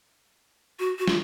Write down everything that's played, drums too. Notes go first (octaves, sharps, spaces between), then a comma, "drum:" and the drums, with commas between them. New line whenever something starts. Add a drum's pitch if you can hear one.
F#4
F#4
F4, drum: snare